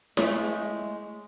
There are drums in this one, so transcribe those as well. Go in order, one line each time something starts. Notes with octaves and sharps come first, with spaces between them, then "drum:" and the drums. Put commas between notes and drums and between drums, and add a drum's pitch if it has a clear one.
G#3 A3 C#5, drum: snare E4